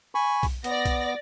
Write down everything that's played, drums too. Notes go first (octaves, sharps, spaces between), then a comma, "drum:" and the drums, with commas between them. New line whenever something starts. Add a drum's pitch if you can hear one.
G#5 B5 C#6
drum: kick B1, open hi-hat
B3 D5 A#6, drum: hi-hat
drum: kick B1, hi-hat